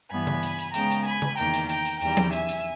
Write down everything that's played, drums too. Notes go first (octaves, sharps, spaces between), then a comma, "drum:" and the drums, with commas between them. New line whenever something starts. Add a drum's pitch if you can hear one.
G2 E3 G3 B3 G#5 B5
drum: tom C#3
drum: hi-hat
drum: hi-hat
C#3 G#3 B3 G5 A#5, drum: hi-hat
drum: hi-hat
G#5 B5
drum: tom C#3
E2 D#3 A#3 G5 A#5, drum: hi-hat
drum: hi-hat
G5 A#5, drum: hi-hat
drum: hi-hat
E2 D#3 G3 G5 A#5, drum: open hi-hat
drum: tom F3
E5 G#5, drum: hi-hat
drum: hi-hat